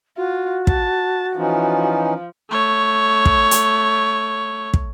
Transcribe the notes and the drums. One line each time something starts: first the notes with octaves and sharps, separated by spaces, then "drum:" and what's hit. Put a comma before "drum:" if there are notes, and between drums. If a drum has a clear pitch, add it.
F4 F#4
A5, drum: kick
E3 F3 C#4 D#4
A3 C#5
drum: kick
drum: hi-hat
drum: kick